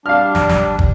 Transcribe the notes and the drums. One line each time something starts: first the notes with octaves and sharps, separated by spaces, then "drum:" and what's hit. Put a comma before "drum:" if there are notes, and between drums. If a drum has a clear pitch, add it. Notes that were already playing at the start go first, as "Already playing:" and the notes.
G3 D4 F5 F6
drum: snare
drum: snare
drum: kick